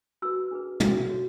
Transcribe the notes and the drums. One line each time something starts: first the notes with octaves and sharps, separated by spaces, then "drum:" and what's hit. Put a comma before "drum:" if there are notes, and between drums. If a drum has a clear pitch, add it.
F#4 B4 E6
D4 G#4 B4
F#4 A4 C#5, drum: tom
F#4 A4 C#5